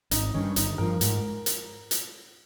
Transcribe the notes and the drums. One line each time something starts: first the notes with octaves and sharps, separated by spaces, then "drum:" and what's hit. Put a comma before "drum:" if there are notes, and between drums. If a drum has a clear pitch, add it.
G#1 D#4, drum: hi-hat
G2 D#3 C#4
G1 D#4, drum: hi-hat
G2 F3 A#4
G#2, drum: hi-hat
drum: hi-hat
drum: hi-hat